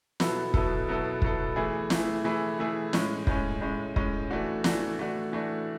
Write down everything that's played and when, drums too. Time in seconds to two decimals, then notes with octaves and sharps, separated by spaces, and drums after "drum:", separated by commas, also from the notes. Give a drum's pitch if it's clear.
0.20 B2 F#3 B3 E4 A4, drum: snare
0.54 B2 F#3 B3 E4 A4, drum: kick
0.88 B2 F#3 B3 E4 A4
1.22 B2 F#3 B3 E4 A4, drum: kick
1.56 E3 A3 E4 G#4
1.90 E3 A3 E4 G#4, drum: snare
2.24 E3 A3 E4 G#4
2.59 E3 A3 E4 G#4
2.93 A2 G#3 C#4, drum: snare
3.27 A2 G#3 C#4, drum: kick
3.61 A2 G#3 C#4
3.96 A2 G#3 C#4, drum: kick
4.31 E3 A3 D4 F#4
4.64 E3 A3 D4 F#4, drum: snare
4.99 E3 A3 D4 F#4
5.32 E3 A3 D4 F#4